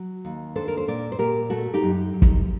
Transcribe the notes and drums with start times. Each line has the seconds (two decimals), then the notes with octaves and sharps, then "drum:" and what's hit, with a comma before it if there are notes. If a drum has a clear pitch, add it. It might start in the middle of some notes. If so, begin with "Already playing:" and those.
Already playing: F#3
0.25 D#2
0.56 D4 A4 C5
0.68 A#4
0.77 C5
0.88 A#2 A#4 D5
1.12 C5
1.19 A#2 G4 A#4
1.50 A3 F#4 A4
1.74 D#4 G4
1.83 F#2
2.13 F#2
2.22 D#4, drum: kick